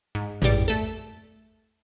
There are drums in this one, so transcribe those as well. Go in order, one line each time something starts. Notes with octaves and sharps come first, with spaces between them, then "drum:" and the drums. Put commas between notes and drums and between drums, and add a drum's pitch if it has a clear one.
G#2
A1 G#2 G3 D5, drum: tom
A3 A4